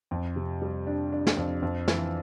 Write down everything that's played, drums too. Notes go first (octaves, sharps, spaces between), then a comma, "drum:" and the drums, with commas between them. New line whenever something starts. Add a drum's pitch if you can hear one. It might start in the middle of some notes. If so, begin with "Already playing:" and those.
F2
C3
G3
D4
D4
drum: snare
F2
F2
E3, drum: snare